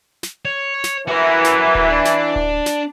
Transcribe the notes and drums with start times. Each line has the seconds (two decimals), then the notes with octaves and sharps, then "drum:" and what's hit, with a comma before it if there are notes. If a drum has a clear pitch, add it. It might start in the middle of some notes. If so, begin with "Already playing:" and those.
0.23 drum: snare
0.45 C#5
0.84 drum: snare
1.08 E3 F#4 A#4
1.44 drum: snare
1.75 drum: kick D1
1.90 D4
2.05 drum: snare
2.36 drum: kick D1
2.66 drum: snare